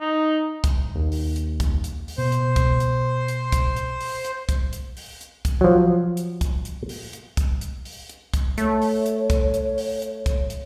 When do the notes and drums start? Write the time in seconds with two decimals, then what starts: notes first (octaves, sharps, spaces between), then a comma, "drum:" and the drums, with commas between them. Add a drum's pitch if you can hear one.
0.01 D#4
0.64 drum: kick, hi-hat
0.95 D#2
1.12 drum: open hi-hat
1.36 drum: hi-hat
1.60 drum: kick, hi-hat
1.84 drum: hi-hat
2.08 drum: open hi-hat
2.18 B2 C5
2.32 drum: hi-hat
2.56 drum: kick, hi-hat
2.80 drum: hi-hat
3.28 drum: hi-hat
3.52 drum: kick, hi-hat
3.76 drum: hi-hat
4.01 drum: open hi-hat
4.25 drum: hi-hat
4.49 drum: kick, hi-hat
4.73 drum: hi-hat
4.97 drum: open hi-hat
5.21 drum: hi-hat
5.45 drum: kick, hi-hat
5.61 F3 F#3
6.17 drum: hi-hat
6.41 drum: kick, hi-hat
6.65 drum: hi-hat
6.89 drum: open hi-hat
7.13 drum: hi-hat
7.37 drum: kick, hi-hat
7.61 drum: hi-hat
7.85 drum: open hi-hat
8.09 drum: hi-hat
8.34 drum: kick, hi-hat
8.58 A3 C#5, drum: hi-hat
8.82 drum: open hi-hat
9.06 drum: hi-hat
9.30 drum: kick, hi-hat
9.54 drum: hi-hat
9.78 drum: open hi-hat
10.02 drum: hi-hat
10.26 drum: kick, hi-hat
10.50 drum: hi-hat